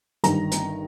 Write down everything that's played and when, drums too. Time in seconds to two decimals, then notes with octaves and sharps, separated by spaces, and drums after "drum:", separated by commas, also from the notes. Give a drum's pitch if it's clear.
0.24 G1 G2 D#3 A#5, drum: hi-hat
0.51 drum: hi-hat